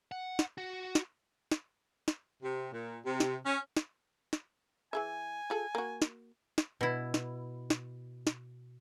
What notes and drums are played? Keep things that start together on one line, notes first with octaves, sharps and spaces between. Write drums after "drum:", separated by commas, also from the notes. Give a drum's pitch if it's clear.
F#5
drum: snare
F#4
drum: snare
drum: snare
drum: snare
C3
A#2
C3
drum: snare
C#4
drum: snare
drum: snare
E3 G#4 E5 G#5
F4 G#4 A4
A#3 F#4
drum: snare
drum: snare
B2 E4
drum: snare
drum: snare
drum: snare